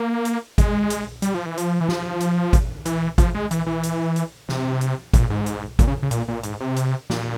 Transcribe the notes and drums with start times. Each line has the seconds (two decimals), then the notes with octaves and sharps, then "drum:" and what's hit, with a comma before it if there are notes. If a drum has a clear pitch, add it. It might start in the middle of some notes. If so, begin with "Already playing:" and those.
Already playing: A#3
0.25 drum: hi-hat
0.58 G#3, drum: kick G#1, hi-hat
0.90 drum: hi-hat
1.22 G3, drum: hi-hat
1.34 F3
1.46 E3
1.57 F3, drum: hi-hat
1.81 E3
1.88 F3, drum: snare
2.20 drum: hi-hat
2.53 drum: kick G#1, hi-hat
2.85 E3, drum: hi-hat
3.18 F3, drum: kick G#1, hi-hat
3.35 G#3
3.51 E3, drum: hi-hat
3.66 E3
3.83 drum: hi-hat
4.16 drum: hi-hat
4.48 C3, drum: snare
4.81 drum: hi-hat
5.13 A#2, drum: kick G#1, hi-hat
5.30 G#2
5.46 drum: hi-hat
5.79 A#2, drum: kick G#1, hi-hat
5.87 C#3
6.03 C#3
6.11 A#2, drum: hi-hat
6.28 A#2
6.43 G#2, drum: hi-hat
6.60 C3
6.76 drum: hi-hat
7.10 A#2, drum: snare